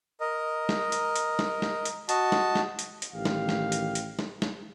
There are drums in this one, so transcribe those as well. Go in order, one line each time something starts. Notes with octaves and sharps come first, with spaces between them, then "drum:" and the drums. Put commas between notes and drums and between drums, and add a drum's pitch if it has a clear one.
A#4 D#5
drum: snare
drum: hi-hat
drum: hi-hat
drum: snare
drum: snare
drum: hi-hat
F#4 D#5 A5, drum: hi-hat
drum: snare
drum: snare
drum: hi-hat
drum: hi-hat
A1 D#3 G4 F5
drum: snare
drum: snare
drum: hi-hat
drum: hi-hat
drum: snare
drum: snare